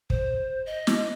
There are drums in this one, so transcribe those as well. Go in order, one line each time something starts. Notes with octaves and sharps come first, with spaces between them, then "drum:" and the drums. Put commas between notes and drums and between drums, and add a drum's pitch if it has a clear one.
C5, drum: kick
D#5
drum: snare